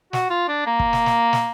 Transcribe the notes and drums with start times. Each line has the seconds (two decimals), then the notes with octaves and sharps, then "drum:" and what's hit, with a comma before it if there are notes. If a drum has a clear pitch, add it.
0.13 F#4, drum: snare
0.30 F4
0.48 D4
0.66 A#3
0.80 drum: kick
0.93 drum: snare
1.06 drum: snare
1.33 drum: snare